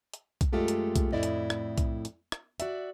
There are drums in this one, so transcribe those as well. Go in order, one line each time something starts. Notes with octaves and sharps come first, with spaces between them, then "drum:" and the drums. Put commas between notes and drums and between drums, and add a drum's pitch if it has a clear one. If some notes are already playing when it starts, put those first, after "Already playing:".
drum: hi-hat
drum: kick B1, hi-hat
F#2 G#3 A3 F4 G4 A4
drum: hi-hat
drum: kick B1, hi-hat
F2 A2 C4 E4 D5 D#5
drum: hi-hat
drum: rim click
drum: kick B1, hi-hat
drum: hi-hat
drum: rim click
F#4 D5 E5, drum: hi-hat